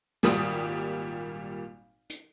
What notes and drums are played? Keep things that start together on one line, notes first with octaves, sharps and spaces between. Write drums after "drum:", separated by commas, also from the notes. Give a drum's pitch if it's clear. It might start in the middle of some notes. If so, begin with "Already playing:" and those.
G#1 A#2 G3 D#6, drum: snare
drum: hi-hat